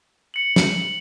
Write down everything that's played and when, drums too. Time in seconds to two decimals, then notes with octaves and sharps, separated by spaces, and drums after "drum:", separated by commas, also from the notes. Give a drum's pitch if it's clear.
0.34 C#7 F#7
0.56 drum: snare